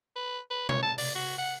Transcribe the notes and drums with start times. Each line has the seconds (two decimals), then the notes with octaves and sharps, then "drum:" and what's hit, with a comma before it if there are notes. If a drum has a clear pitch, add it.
0.16 B4
0.50 B4
0.69 C#5, drum: tom B2
0.83 A5
0.98 D5, drum: open hi-hat
1.15 F#4
1.38 F#5